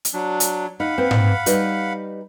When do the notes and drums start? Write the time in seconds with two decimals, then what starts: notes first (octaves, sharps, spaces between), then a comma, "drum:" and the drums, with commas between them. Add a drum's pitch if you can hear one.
0.05 drum: hi-hat
0.14 F#3 D4
0.40 drum: hi-hat
0.80 D#4 F5 F#5 B5
0.98 C4 B4
1.11 drum: tom G#2
1.46 G3 D#4 B4, drum: hi-hat